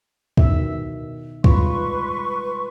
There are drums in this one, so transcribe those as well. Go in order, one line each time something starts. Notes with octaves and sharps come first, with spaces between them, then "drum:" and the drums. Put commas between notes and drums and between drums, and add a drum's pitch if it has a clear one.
B2 D#3 E5, drum: kick
G3 G#3 F4 B4 C6 C#6, drum: kick